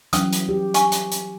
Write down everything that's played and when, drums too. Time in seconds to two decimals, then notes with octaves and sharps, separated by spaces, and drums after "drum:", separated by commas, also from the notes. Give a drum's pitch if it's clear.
0.13 E3 F#3 C#4 D#6, drum: hi-hat
0.33 drum: hi-hat
0.49 G4
0.74 G#5 C#6, drum: hi-hat
0.92 drum: hi-hat
1.12 drum: hi-hat